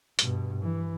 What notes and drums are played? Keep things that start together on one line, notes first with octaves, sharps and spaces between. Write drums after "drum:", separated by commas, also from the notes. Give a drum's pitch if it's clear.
G2 B2, drum: hi-hat
E3